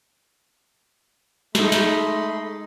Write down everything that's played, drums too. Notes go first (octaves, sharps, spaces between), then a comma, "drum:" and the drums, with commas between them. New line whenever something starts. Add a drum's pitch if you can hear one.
G#3 A3 D#4 B5 C6, drum: snare
drum: snare